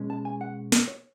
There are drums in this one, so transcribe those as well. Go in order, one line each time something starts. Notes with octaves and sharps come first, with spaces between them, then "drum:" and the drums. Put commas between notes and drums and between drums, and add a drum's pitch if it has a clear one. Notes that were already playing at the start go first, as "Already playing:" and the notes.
Already playing: B2 G#3 C#4
A5
G#5
F#5
D5, drum: snare
C#5